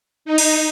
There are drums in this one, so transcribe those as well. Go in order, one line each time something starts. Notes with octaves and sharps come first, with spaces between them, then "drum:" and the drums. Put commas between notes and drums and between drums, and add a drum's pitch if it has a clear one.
D#4
drum: cymbal